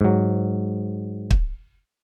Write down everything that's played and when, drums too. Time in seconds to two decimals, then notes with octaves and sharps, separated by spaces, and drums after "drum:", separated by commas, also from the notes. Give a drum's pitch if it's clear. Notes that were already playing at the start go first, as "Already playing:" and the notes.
0.01 G#2 F#3
1.31 drum: kick